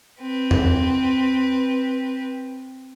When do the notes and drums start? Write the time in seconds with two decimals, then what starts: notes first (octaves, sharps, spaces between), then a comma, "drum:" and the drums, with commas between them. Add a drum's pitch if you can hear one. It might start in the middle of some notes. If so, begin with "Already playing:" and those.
0.21 C4 B4
0.51 drum: tom E2